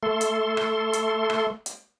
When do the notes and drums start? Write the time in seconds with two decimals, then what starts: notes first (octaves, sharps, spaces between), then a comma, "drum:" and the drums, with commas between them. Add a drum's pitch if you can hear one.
0.03 A3 A4 C6
0.21 drum: hi-hat
0.57 drum: rim click
0.93 drum: hi-hat
1.30 drum: rim click
1.66 drum: hi-hat